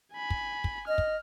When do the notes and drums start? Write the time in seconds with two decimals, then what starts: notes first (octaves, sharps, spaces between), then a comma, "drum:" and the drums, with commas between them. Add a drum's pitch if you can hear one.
0.14 G#5 B5
0.30 drum: kick
0.64 drum: kick
0.88 D#5 F6
0.98 drum: kick